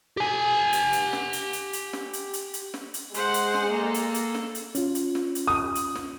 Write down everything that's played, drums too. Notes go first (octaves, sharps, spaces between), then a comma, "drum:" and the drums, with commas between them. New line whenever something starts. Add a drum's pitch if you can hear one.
G4 G#5
drum: hi-hat
drum: hi-hat
drum: snare
drum: hi-hat
drum: hi-hat
drum: hi-hat
drum: snare
drum: hi-hat
drum: hi-hat
drum: hi-hat
drum: snare
drum: hi-hat
G#3 C5 F#5, drum: hi-hat
drum: hi-hat
drum: snare
A#3 A4
drum: hi-hat
drum: hi-hat
drum: snare
drum: hi-hat
C#4 F4, drum: hi-hat
drum: hi-hat
drum: snare
drum: hi-hat
D#6
drum: hi-hat
drum: snare